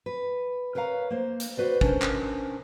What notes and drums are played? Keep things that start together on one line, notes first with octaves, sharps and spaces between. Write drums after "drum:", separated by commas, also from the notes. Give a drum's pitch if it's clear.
B4
A#4 B4 C#5 F5 A#5
A#3 C5
drum: hi-hat
F#4 B4 C5 D5
C#4 D4 A#4 C5, drum: kick
drum: clap